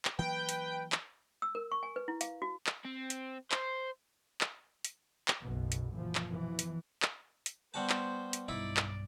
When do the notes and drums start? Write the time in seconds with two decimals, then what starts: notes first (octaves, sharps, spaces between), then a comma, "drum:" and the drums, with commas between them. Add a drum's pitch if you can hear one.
0.05 drum: clap
0.19 E3 F#3 A#3 B4 G5
0.49 drum: hi-hat
0.92 drum: clap
1.42 E6
1.55 A#4
1.72 C#6
1.83 G#5
1.96 B4
2.08 E4
2.21 F5, drum: hi-hat
2.42 F#4
2.67 drum: clap
2.85 C4
3.10 drum: hi-hat
3.52 C5, drum: clap
4.41 drum: clap
4.84 drum: hi-hat
5.28 drum: clap
5.40 F#1 B1 F#2 B2
5.72 drum: hi-hat
5.93 F#1 A#2 E3 F3
6.15 drum: clap
6.28 B2 E3 F3
6.59 drum: hi-hat
7.02 drum: clap
7.46 drum: hi-hat
7.74 G3 B3 F#4 C5 A5
7.90 drum: clap
8.33 drum: hi-hat
8.48 B1 G2 D#4 E4 D5
8.77 drum: clap